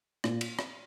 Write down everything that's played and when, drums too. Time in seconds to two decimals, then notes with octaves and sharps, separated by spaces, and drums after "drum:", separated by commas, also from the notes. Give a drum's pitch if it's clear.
0.24 A#2, drum: rim click
0.41 drum: cymbal
0.59 drum: rim click